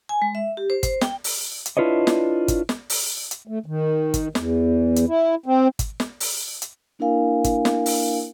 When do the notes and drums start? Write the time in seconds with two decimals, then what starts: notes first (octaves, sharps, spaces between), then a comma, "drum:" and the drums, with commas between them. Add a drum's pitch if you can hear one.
0.09 G#5
0.22 G#3
0.35 E5
0.57 G4
0.70 C5
0.83 C5, drum: kick, hi-hat
1.01 G5, drum: snare
1.24 drum: open hi-hat
1.66 drum: hi-hat
1.77 D4 E4 F4 B4 C#5 D#5
2.07 drum: snare
2.48 drum: kick, hi-hat
2.69 drum: snare
2.90 drum: open hi-hat
3.31 drum: hi-hat
3.47 A3
3.66 D#3
4.14 drum: kick, hi-hat
4.35 E2, drum: snare
4.96 drum: hi-hat
5.07 E4
5.46 C4
5.79 drum: kick, hi-hat
6.00 drum: snare
6.20 drum: open hi-hat
6.62 drum: hi-hat
6.99 A#3 D4 E4 A#4 F5 G#5
7.44 drum: kick, hi-hat
7.65 drum: snare
7.86 drum: open hi-hat